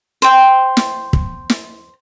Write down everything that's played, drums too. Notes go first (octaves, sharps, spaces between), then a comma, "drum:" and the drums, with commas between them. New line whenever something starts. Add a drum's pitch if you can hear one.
C5 G5
drum: snare
drum: kick
drum: snare